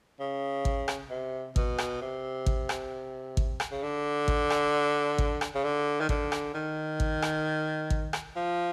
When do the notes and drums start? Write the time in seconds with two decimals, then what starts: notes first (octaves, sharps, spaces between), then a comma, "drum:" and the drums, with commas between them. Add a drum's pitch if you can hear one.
0.20 C#3
0.65 drum: kick
0.88 drum: rim click
1.10 C3
1.56 B2, drum: kick
1.78 drum: rim click
2.01 C3
2.46 drum: kick
2.69 drum: rim click
3.37 drum: kick
3.60 drum: rim click
3.71 C#3
3.83 D3
4.28 drum: kick
4.50 drum: rim click
5.18 drum: kick
5.41 drum: rim click
5.54 C#3
5.64 D3
6.00 D#3
6.09 D3, drum: kick
6.32 drum: rim click
6.54 D#3
7.00 drum: kick
7.22 drum: rim click
7.90 drum: kick
8.13 drum: rim click
8.36 F3